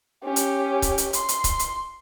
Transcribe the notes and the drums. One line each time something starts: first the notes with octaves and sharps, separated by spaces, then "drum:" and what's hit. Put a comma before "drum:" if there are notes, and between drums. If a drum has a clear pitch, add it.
C#4 G4
drum: hi-hat
drum: kick C#1, hi-hat
drum: hi-hat
C6, drum: hi-hat
drum: hi-hat
drum: kick C#1, hi-hat
drum: hi-hat